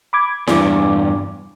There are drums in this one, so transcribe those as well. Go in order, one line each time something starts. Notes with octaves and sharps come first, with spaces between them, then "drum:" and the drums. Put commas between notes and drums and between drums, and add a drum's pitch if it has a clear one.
B5 D6 G#6
E2 G2 G#5 D6, drum: snare E4